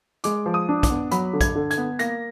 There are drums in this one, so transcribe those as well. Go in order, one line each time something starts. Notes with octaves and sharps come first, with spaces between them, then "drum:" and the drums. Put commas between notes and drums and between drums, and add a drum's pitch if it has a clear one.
G#3 D6, drum: hi-hat
F3
D#6
D4
D6, drum: kick, hi-hat
B3
F#3 B5, drum: hi-hat
D3
G#6, drum: kick, hi-hat
D3
G#6, drum: hi-hat
B3
A#3 A#6, drum: hi-hat